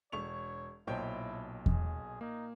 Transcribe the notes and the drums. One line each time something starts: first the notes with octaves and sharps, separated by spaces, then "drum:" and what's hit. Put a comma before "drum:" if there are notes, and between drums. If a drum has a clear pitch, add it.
E1 C#5 C#6 F7
B1 A#2 E4 C5 C#5 D#5 G5 A5
G#4, drum: kick E2
A#3 D#4